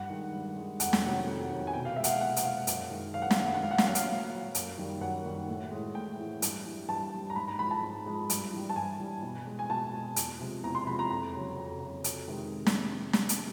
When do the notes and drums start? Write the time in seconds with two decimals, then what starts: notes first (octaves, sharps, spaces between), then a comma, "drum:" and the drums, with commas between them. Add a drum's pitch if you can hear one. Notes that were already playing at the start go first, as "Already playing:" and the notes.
Already playing: G2 F#5
0.10 D#3 G#3
0.33 G2
0.56 D#3 G#3
0.80 F2 F#5, drum: hi-hat
0.93 G5, drum: snare
1.04 C3 D#3 F#3 F#5
1.27 F2
1.50 C3 D#3 F#3
1.67 G#5
1.73 B2 G5
1.85 F5
1.96 G#3 E5
2.04 F#5, drum: hi-hat
2.08 F5
2.20 B2 F#5
2.36 F#5, drum: hi-hat
2.44 G#3 F5
2.67 F#2, drum: hi-hat
2.90 D#3 G#3
3.14 F#2 F5
3.22 F#5
3.31 F5, drum: snare
3.37 D#3 G#3 F#5
3.46 F5
3.54 F#5
3.61 A#2 F5
3.71 F#5
3.78 F5, drum: snare
3.84 F#3 F#5
3.95 F5, drum: hi-hat
4.08 A#2 F5
4.31 F#3
4.55 F#2, drum: hi-hat
4.78 D#3 G3
5.01 F#2 F#5
5.25 D#3 G3
5.48 A2
5.72 E3 G#3
5.95 A2 G5
6.18 E3 G#3
6.42 G2, drum: hi-hat
6.65 E3 G3
6.89 G2 A5
7.12 E3 G3
7.30 A#5
7.36 G#2 B5
7.48 A#5
7.59 F3 G#3 B5
7.71 A5
7.83 G#2
8.06 F3 G#3
8.30 G2, drum: hi-hat
8.53 E3 G3
8.69 A5
8.76 G2 G#5
8.99 E3 G3
9.23 B2
9.47 G#3
9.59 G#5
9.70 B2 A5
9.93 G#3
10.16 E2, drum: hi-hat
10.41 C3 F3 G#3
10.64 E2 A#5
10.75 C6
10.87 C3 F3 G#3 B5
10.99 A#5
11.10 F2 A#5
11.34 C#3 F#3
11.57 F2
11.80 C#3 F#3
12.04 F2, drum: hi-hat
12.28 C3 D#3 G#3
12.66 drum: snare
13.13 drum: snare
13.29 drum: hi-hat